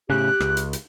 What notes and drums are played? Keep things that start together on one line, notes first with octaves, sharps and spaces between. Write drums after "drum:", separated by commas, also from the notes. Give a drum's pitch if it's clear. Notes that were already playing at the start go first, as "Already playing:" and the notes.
A2 C#3 G4 F#6
C#2, drum: rim click
drum: hi-hat
drum: hi-hat